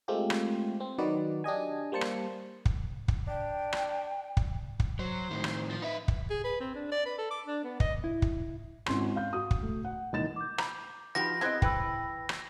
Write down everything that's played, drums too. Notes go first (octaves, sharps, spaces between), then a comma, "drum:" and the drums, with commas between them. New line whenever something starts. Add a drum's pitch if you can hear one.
G#3 A3 C4 F4 G4
drum: rim click
C4
D#3 F#3 D#4 F#4 B4 D5
D4 G4 D#5 G#5
G3 A#3 C5 A5 C#7
drum: rim click
drum: kick
drum: kick
D4 G5
drum: rim click
drum: kick
drum: kick
F#3 C5
A2 D#3
drum: rim click
F3
D#4 B4 E5
drum: kick
G#4
B4
C4
D4
D5
B4
A4
D6
D4
B3
D#5, drum: kick
E4
drum: kick
G#1 C#4 E4 C6, drum: rim click
F5 G6
F#4 D#6
drum: kick
A3
F#5
D#1 D#3 E3 A6 E7
D6 G6
A#5 B5, drum: rim click
F3 D#4 F#4 G4 B4 A#6
B3 C4 E4 G#4 C5 D#5 F#6 G#6
E3 B4 G5 E6, drum: kick
drum: rim click